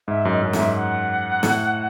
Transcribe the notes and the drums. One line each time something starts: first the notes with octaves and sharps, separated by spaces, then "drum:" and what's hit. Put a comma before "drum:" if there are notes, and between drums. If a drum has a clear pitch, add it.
G#2 E5
F#2
D#5
F#2
E5, drum: snare
G#2
F#5
A2, drum: snare